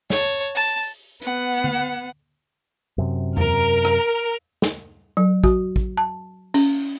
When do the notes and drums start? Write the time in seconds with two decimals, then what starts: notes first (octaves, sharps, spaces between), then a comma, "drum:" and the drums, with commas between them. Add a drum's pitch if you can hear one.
0.10 C#5 A5, drum: snare
0.56 A5, drum: open hi-hat
1.22 B3 F#5, drum: hi-hat
1.64 drum: tom D3
2.98 F#2 C3
3.37 A#4 F6, drum: tom E2
3.85 drum: rim click
4.62 drum: snare
5.17 F#3
5.44 F#4, drum: kick
5.76 drum: kick
5.98 A5
6.54 C#4, drum: cymbal